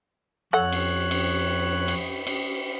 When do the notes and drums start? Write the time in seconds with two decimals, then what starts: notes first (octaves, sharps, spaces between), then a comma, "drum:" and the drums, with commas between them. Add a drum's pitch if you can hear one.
0.53 F2 A4 C#5 F#5 F#6
0.72 drum: cymbal
1.11 drum: cymbal
1.88 drum: cymbal
2.27 drum: cymbal